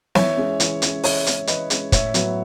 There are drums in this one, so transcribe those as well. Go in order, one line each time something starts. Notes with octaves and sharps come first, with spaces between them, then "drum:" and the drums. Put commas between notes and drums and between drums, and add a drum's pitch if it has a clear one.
E3 C#5 E5, drum: snare
G#3 C#4
E3, drum: hi-hat
G#3 C#4, drum: hi-hat
E3 C#5 E5, drum: open hi-hat
G#3 C#4, drum: hi-hat
E3 B4 D#5, drum: hi-hat
G#3 C#4, drum: hi-hat
A2 C#5 E5, drum: kick, hi-hat
F#3 B3, drum: hi-hat